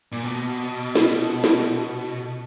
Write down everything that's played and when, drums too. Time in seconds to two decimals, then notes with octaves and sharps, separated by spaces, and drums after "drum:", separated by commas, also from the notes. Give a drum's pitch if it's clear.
0.12 A#2
0.23 B2
0.95 drum: snare
1.44 drum: snare